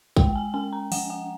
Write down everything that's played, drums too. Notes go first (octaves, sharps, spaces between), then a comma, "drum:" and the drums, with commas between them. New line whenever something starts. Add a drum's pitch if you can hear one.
G#3 G5, drum: kick
G#5
C#4 G#5
A#5
F3 F#5, drum: open hi-hat
F#5